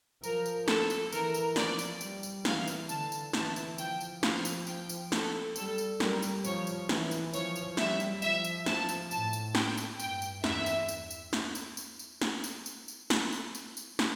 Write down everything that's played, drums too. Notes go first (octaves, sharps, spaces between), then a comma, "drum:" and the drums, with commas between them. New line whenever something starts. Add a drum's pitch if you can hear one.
F3 A#4, drum: tambourine
drum: tambourine
A4, drum: snare
drum: tambourine
E3 A#4, drum: tambourine
drum: tambourine
F3 D5, drum: snare
drum: tambourine
G3, drum: tambourine
drum: tambourine
E3 F5, drum: snare
drum: tambourine
D3 A5, drum: tambourine
drum: tambourine
E3 A5, drum: snare
drum: tambourine
F3 G5, drum: tambourine
drum: tambourine
F3 F5, drum: snare
drum: tambourine
G5, drum: tambourine
drum: tambourine
A4, drum: snare
G3 A4, drum: tambourine
drum: tambourine
G3 A#4, drum: snare
drum: tambourine
F3 C#5, drum: tambourine
drum: tambourine
E3, drum: snare
drum: tambourine
F3 C#5, drum: tambourine
drum: tambourine
G3 E5, drum: snare
drum: tambourine
F3 E5, drum: tambourine
drum: tambourine
F3 A5, drum: snare
drum: tambourine
A2 A5, drum: tambourine
drum: tambourine
G5, drum: snare
drum: tambourine
G2 G5, drum: tambourine
drum: tambourine
E2 E5, drum: snare
drum: tambourine
drum: tambourine
drum: tambourine
drum: snare
drum: tambourine
drum: tambourine
drum: tambourine
drum: snare
drum: tambourine
drum: tambourine
drum: tambourine
drum: snare
drum: tambourine
drum: tambourine
drum: tambourine
drum: snare